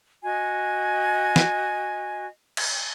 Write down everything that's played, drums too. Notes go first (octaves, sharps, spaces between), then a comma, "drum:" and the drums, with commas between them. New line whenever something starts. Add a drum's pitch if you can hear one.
F#4 D#5 G#5
drum: snare
drum: cymbal